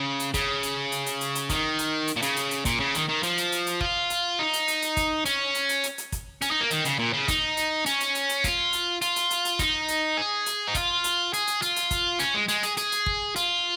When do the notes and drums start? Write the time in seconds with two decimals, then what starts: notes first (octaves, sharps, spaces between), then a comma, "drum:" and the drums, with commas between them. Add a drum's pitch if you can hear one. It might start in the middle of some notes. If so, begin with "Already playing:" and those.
Already playing: C#3
0.20 drum: hi-hat
0.34 C#3, drum: kick, hi-hat
0.63 drum: hi-hat
0.92 drum: hi-hat
1.06 drum: hi-hat
1.21 drum: hi-hat
1.35 drum: hi-hat
1.50 D#3, drum: kick, hi-hat
1.79 drum: hi-hat
2.08 drum: hi-hat
2.17 A#2
2.22 C#3, drum: hi-hat
2.36 drum: hi-hat
2.51 drum: hi-hat
2.65 A#2, drum: kick, hi-hat
2.80 C#3
2.95 D#3, drum: hi-hat
3.09 D#3
3.23 F3, drum: hi-hat
3.38 drum: hi-hat
3.52 drum: hi-hat
3.67 drum: hi-hat
3.81 F4, drum: kick
4.10 drum: hi-hat
4.39 D#4
4.53 drum: hi-hat
4.68 drum: hi-hat
4.82 drum: hi-hat
4.97 drum: kick, hi-hat
5.25 C#4, drum: hi-hat
5.55 drum: hi-hat
5.69 drum: hi-hat
5.83 drum: hi-hat
5.98 drum: hi-hat
6.12 drum: kick, hi-hat
6.42 C#4, drum: hi-hat
6.51 D#4
6.61 A#3
6.71 D#3, drum: hi-hat
6.85 C#3, drum: hi-hat
6.99 A#2
7.13 C#3
7.28 D#4, drum: kick, hi-hat
7.57 drum: hi-hat
7.86 C#4, drum: hi-hat
8.00 drum: hi-hat
8.15 drum: hi-hat
8.29 drum: hi-hat
8.44 F4, drum: kick, hi-hat
8.73 drum: hi-hat
9.01 F4, drum: hi-hat
9.16 drum: hi-hat
9.30 drum: hi-hat
9.45 drum: hi-hat
9.59 D#4, drum: kick, hi-hat
9.88 drum: hi-hat
10.18 G#4
10.46 drum: hi-hat
10.67 D#4
10.75 F4, drum: kick, hi-hat
11.04 drum: hi-hat
11.33 G#4, drum: hi-hat
11.47 drum: hi-hat
11.62 F4, drum: hi-hat
11.76 drum: hi-hat
11.91 drum: kick, hi-hat
12.19 C#4, drum: hi-hat
12.34 G#3
12.48 G#3, drum: hi-hat
12.63 G#4, drum: hi-hat
12.77 G#4, drum: hi-hat
12.92 drum: hi-hat
13.06 drum: kick
13.36 F4, drum: hi-hat